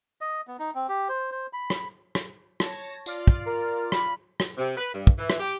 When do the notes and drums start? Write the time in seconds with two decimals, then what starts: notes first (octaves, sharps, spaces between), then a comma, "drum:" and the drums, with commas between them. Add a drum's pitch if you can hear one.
0.21 D#5
0.48 B3
0.59 D#4
0.75 C4
0.89 G4
1.09 C5
1.32 C5
1.53 B5
1.70 drum: rim click
2.15 drum: rim click
2.60 C#5 A5 A#6, drum: rim click
3.06 F4 D5 F6, drum: tambourine
3.27 drum: kick
3.47 A#4
3.92 B5, drum: rim click
4.40 drum: rim click
4.57 C3
4.77 B4
4.94 G2
5.07 drum: kick
5.19 E3
5.30 drum: rim click
5.40 G4